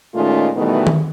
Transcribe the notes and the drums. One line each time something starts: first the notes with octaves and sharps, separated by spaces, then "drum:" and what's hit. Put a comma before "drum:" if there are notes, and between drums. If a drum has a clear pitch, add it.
A#2 D#3 G#3 A3 C#4 F4
B2 D#3 E3 G3 A3 B3
drum: tom D#3